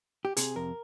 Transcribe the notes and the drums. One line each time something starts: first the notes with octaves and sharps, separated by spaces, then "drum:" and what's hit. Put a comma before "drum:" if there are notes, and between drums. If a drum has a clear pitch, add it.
G4
C3 G#4, drum: hi-hat
F2 A#4